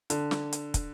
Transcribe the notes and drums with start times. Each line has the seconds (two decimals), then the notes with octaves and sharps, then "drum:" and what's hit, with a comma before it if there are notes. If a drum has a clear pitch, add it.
0.10 D3, drum: hi-hat
0.31 drum: snare
0.53 drum: hi-hat
0.74 drum: kick, hi-hat